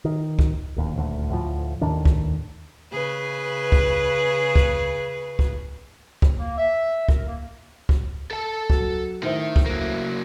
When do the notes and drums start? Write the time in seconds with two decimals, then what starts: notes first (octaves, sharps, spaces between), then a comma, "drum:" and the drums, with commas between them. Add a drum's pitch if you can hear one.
0.05 D#3
0.39 drum: kick
0.76 D1 D#2
0.94 D#1 D2
1.30 D2 A2 F3
1.81 D#2 A2 D#3 D4
2.05 drum: kick
2.93 C#3 G#4 B4
3.72 drum: kick
4.56 drum: kick
5.39 drum: kick
6.22 drum: kick
6.39 A#3
6.58 E5
7.09 A#4, drum: kick
7.27 A#3
7.89 drum: kick
8.31 A4 A5
8.70 F#3, drum: kick
9.23 A2 D#3 C5 E5
9.56 drum: kick
9.66 F#3 A#3